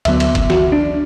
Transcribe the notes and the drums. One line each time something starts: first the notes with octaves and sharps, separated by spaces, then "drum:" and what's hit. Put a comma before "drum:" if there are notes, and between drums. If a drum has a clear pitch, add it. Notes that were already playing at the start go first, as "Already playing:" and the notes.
D2 D3 F#3 B3 E5, drum: cymbal
drum: cymbal
drum: kick, cymbal
F#4, drum: snare E3
D4